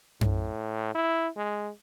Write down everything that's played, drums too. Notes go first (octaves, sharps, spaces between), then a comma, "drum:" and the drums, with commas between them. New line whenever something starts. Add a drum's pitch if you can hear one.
A2, drum: tom F#2
E4
G#3